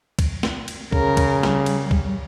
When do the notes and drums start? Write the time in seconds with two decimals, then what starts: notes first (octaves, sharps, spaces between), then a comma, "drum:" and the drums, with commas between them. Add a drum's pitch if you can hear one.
0.19 drum: kick, cymbal
0.43 drum: snare
0.68 drum: cymbal
0.92 C#3 A#4, drum: kick
1.17 drum: kick, cymbal
1.43 G3, drum: snare
1.66 drum: cymbal
1.91 drum: kick